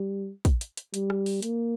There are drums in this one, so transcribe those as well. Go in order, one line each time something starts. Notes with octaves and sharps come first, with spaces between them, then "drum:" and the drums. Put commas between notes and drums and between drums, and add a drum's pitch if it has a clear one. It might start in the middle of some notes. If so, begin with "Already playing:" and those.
Already playing: G3
drum: kick, hi-hat
drum: hi-hat
drum: hi-hat
G3, drum: hi-hat
drum: rim click
drum: open hi-hat
A#3, drum: hi-hat